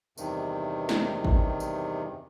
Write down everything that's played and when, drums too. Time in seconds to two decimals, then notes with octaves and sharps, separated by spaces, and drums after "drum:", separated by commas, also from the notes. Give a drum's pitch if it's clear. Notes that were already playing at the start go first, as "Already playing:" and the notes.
0.18 E2 G2 C3 D#3, drum: tambourine
0.89 drum: snare
1.25 drum: kick G#1
1.60 drum: tambourine